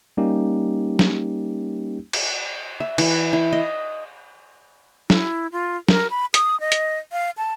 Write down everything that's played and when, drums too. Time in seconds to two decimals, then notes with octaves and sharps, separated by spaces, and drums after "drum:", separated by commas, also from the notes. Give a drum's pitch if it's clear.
0.17 G3 A#3 C#4 D#4 G4
0.99 drum: snare
2.13 drum: cymbal
2.80 E5
2.98 E3, drum: cymbal
3.33 E4
3.52 D#5
5.10 E4, drum: snare
5.52 F4
5.89 A#4, drum: snare
6.11 B5
6.34 D#6, drum: hi-hat
6.60 D#5
6.72 drum: hi-hat
7.12 F5
7.37 A5